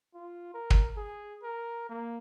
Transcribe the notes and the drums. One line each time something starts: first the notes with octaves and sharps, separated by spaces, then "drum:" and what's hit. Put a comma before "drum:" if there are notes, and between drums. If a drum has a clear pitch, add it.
F4
A#4
drum: kick
G#4
A#4
A#3